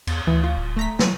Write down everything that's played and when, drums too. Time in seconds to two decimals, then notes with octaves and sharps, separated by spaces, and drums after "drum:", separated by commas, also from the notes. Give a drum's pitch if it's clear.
0.07 E2, drum: cymbal
0.27 D2 E3
0.44 F4
0.57 D1
0.77 A3 A#5 B6
0.99 F#3, drum: snare